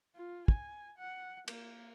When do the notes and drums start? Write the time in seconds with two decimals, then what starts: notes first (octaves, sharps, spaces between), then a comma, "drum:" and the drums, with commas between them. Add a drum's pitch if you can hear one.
0.15 F4
0.48 G#5, drum: kick
0.98 F#5
1.48 A#3, drum: cymbal